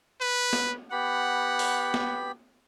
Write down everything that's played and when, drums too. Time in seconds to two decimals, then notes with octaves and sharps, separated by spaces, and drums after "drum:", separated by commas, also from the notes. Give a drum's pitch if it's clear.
0.21 B4
0.53 drum: snare B3
0.92 B3 G4 F#5 B5
1.59 drum: open hi-hat
1.94 drum: snare B3